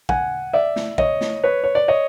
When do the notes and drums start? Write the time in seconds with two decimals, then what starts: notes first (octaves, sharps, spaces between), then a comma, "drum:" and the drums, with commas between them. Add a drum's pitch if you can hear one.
0.09 F#5 G#5, drum: kick
0.53 D5 E5
0.76 drum: snare
0.98 C#5 D#5, drum: kick
1.21 drum: snare
1.43 B4 C#5
1.64 C#5
1.75 D5
1.88 C#5 D#5